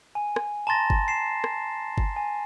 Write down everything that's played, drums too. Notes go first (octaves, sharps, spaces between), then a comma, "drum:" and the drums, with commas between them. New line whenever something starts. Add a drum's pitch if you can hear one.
G#5
drum: rim click
A5 A#5 C6 A6 A#6
drum: kick G1
C7 E7
drum: rim click
drum: kick G1
G#5